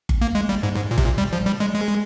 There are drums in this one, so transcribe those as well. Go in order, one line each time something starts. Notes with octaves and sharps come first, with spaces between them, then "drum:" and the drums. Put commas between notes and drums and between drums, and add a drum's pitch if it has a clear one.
drum: kick G1
A#3
G#3
G3
G#2
G#2
A#2
C3, drum: kick G1
A#2
G3
F3
G3
G#3
G#3